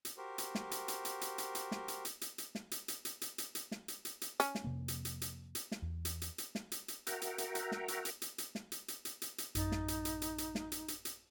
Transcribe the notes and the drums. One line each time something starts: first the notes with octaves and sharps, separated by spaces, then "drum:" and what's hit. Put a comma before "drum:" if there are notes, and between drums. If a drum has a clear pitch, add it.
drum: hi-hat
F#4 G4 A#4 C5
drum: hi-hat
drum: snare
drum: hi-hat
drum: hi-hat
drum: hi-hat
drum: hi-hat
drum: hi-hat
drum: hi-hat
drum: snare
drum: hi-hat
drum: hi-hat
drum: hi-hat
drum: hi-hat
drum: snare
drum: hi-hat
drum: hi-hat
drum: hi-hat
drum: hi-hat
drum: hi-hat
drum: hi-hat
drum: snare
drum: hi-hat
drum: hi-hat
drum: hi-hat
C#4, drum: hi-hat
drum: snare
F2 C3 A#3
drum: hi-hat
drum: hi-hat
drum: hi-hat
drum: hi-hat
drum: snare
E2
drum: hi-hat
drum: hi-hat
drum: hi-hat
drum: snare
drum: hi-hat
drum: hi-hat
F#4 A#4 E5 F#5 G5 A#5, drum: hi-hat
drum: hi-hat
drum: hi-hat
drum: hi-hat
drum: snare
drum: hi-hat
drum: hi-hat
drum: hi-hat
drum: hi-hat
drum: snare
drum: hi-hat
drum: hi-hat
drum: hi-hat
drum: hi-hat
drum: hi-hat
A1 F#2 D#4 A6, drum: hi-hat
drum: snare
drum: hi-hat
drum: hi-hat
drum: hi-hat
drum: hi-hat
drum: snare
drum: hi-hat
drum: hi-hat
drum: hi-hat